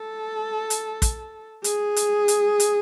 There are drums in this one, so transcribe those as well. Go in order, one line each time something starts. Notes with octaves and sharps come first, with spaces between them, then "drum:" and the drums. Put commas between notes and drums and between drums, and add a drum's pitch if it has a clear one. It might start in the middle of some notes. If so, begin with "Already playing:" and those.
Already playing: A4
drum: hi-hat
drum: kick, hi-hat
G#4, drum: hi-hat
drum: hi-hat
drum: hi-hat
drum: hi-hat